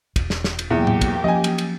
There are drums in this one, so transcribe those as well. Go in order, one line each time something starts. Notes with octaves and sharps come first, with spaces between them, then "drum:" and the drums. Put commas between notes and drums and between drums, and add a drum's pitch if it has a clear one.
E1, drum: kick, cymbal
drum: snare
drum: snare
drum: cymbal
E2 B2 F#3 A#3 G4
drum: tom A2
drum: kick, cymbal
F3 C#4 D#5 G#5
drum: cymbal
drum: cymbal